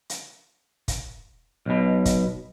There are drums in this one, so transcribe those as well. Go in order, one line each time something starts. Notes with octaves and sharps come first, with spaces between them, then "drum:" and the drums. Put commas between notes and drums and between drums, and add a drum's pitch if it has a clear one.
drum: hi-hat
drum: kick, hi-hat
B1 B2
drum: kick, hi-hat